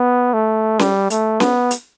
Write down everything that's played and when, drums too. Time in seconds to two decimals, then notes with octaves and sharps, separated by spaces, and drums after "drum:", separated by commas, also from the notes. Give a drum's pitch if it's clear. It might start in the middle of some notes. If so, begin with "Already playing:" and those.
Already playing: B3
0.33 A3
0.79 G3, drum: snare C#4
1.10 A3, drum: hi-hat
1.40 B3, drum: snare C#4
1.71 drum: hi-hat